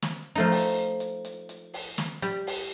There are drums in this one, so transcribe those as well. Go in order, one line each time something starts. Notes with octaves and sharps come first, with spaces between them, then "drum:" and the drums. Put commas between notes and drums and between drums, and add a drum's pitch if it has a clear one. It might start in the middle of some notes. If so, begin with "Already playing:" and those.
drum: snare
F3 A3 D#4
drum: open hi-hat
drum: hi-hat
drum: hi-hat
drum: hi-hat
drum: open hi-hat
drum: snare
G3, drum: hi-hat
drum: open hi-hat